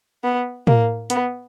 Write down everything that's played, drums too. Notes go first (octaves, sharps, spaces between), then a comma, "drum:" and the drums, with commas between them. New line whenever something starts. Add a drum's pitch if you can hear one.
B3
A#3, drum: tom A2
B3, drum: hi-hat